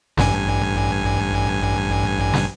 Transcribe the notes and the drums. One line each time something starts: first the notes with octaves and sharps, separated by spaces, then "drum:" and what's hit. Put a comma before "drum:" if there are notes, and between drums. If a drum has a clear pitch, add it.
A1 G2 G#5, drum: snare
drum: snare